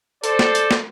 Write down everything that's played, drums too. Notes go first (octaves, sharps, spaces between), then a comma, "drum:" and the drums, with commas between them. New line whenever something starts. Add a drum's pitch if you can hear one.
A4 C5 D5, drum: hi-hat
drum: snare
drum: hi-hat
drum: snare